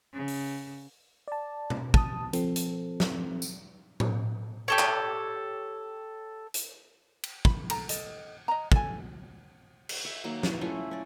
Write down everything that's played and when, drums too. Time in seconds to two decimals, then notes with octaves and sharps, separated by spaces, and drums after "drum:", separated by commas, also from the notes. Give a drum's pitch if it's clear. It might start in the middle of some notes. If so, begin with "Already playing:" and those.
0.13 C#3
0.28 drum: open hi-hat
1.28 D5 A5
1.70 drum: tom B2
1.94 A5 D#6, drum: kick
2.33 F3 C4 A4, drum: hi-hat
2.56 drum: hi-hat
3.00 drum: snare
3.42 drum: tambourine
4.00 drum: tom A2
4.68 G4 A4 C#5
4.79 drum: clap
6.54 drum: hi-hat
7.23 drum: cymbal
7.45 B5, drum: kick
7.70 A4 A#5, drum: cymbal
7.89 A4 D#5, drum: hi-hat
8.48 D#5 A#5
8.72 A4 G#5, drum: kick
9.89 drum: cymbal
10.05 E5
10.24 D#3 F#3 A#3
10.43 E3 A#3 F#4, drum: snare
10.61 A3 C#4 E4 F4
10.91 C#4 D5